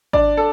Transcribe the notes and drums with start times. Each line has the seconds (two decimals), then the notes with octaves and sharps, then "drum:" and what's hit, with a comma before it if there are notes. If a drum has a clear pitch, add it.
0.13 D4 D5, drum: kick G#1
0.37 A4